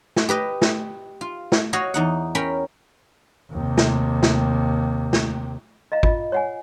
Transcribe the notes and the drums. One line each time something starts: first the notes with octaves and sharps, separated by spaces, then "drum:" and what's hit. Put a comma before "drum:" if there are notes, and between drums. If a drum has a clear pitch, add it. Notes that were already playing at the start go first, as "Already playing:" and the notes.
drum: snare
G4 B4 D#5
drum: snare
F4
drum: snare
F#4 C#5 D#5 F5
E2 D#4 F#5
C#4 A#4 G5 B5
D#2 C3
drum: snare
drum: snare
drum: snare
D#5 F5 A#5
F4 D#5, drum: kick
C#5 F#5 G#5